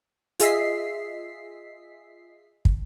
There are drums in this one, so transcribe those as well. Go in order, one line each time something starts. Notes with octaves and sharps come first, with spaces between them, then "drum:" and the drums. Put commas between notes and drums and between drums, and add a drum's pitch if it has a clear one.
F4 G#4 D#5 E5 B6 C7, drum: hi-hat
drum: kick